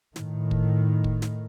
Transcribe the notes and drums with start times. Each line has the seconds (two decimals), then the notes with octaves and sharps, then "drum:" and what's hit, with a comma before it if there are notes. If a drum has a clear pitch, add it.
0.16 A2 D#3, drum: snare
0.51 drum: kick
1.04 drum: kick
1.22 drum: snare